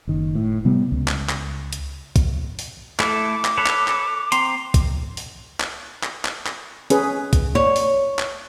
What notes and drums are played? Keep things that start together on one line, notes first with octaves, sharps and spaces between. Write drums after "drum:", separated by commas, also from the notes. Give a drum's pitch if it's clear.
F#1 D#3
A2
C3 G3 B3
C#2
drum: clap
drum: clap
drum: hi-hat
drum: kick, hi-hat
drum: open hi-hat
A3 E4 A4 D6, drum: clap
drum: clap
A4 B4 C#5
drum: clap
drum: clap
C4 A#5 C6, drum: hi-hat
drum: kick, hi-hat
drum: open hi-hat
drum: clap
drum: clap
drum: clap
drum: clap
C#4 G#4 B4, drum: hi-hat
drum: kick, hi-hat
C#5
drum: open hi-hat
drum: clap